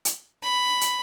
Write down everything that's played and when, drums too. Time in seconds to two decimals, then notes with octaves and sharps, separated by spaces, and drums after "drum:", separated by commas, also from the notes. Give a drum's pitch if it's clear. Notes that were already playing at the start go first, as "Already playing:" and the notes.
0.05 drum: hi-hat
0.43 B5
0.81 drum: hi-hat